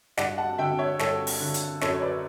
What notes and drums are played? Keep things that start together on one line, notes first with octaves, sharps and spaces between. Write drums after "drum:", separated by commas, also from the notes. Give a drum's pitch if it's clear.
G2 D5 F#5, drum: snare
F#5 A5
D3 E5 G5
C#5 E5
G2 A4 C#5, drum: snare
drum: open hi-hat
D3
drum: hi-hat
F#2 A4 C#5, drum: snare
C#5
B4 D5